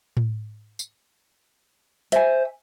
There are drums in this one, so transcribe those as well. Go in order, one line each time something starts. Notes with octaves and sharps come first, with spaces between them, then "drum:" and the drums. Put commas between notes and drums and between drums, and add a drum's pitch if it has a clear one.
drum: tom A2
drum: tambourine
C5 E5 G#5, drum: hi-hat